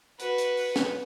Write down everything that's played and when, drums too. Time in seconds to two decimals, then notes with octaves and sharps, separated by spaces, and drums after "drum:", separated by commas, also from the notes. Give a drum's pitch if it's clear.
0.20 F#4 B4, drum: hi-hat
0.38 drum: hi-hat
0.57 drum: open hi-hat
0.76 drum: snare